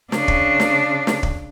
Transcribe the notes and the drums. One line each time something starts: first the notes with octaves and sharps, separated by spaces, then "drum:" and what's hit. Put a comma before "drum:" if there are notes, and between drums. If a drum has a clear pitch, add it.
C#3 D4, drum: snare
drum: kick
drum: snare
drum: snare
drum: kick